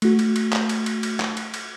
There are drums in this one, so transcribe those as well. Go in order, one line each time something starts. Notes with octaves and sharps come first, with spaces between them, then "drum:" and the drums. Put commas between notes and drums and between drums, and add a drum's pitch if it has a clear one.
A3 F#4, drum: cymbal
drum: cymbal
drum: cymbal
drum: clap
drum: cymbal
drum: cymbal
drum: cymbal
drum: clap
drum: cymbal
drum: cymbal